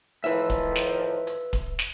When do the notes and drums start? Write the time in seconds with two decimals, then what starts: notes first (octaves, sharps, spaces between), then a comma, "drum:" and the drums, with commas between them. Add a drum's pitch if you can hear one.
0.24 A2 D#3 F3 B4 E5
0.50 drum: kick D1, hi-hat
0.76 drum: snare
1.27 drum: hi-hat
1.53 drum: kick D1, hi-hat
1.79 drum: snare